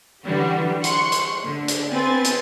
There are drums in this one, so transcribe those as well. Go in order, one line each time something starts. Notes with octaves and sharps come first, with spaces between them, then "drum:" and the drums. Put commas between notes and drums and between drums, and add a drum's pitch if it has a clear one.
D3 E3 F#3 G3 F#4 G4
C6 C#6 F#6 C#7, drum: hi-hat
drum: hi-hat
D3
drum: hi-hat
B3 C4 B4 G#5 A6
drum: hi-hat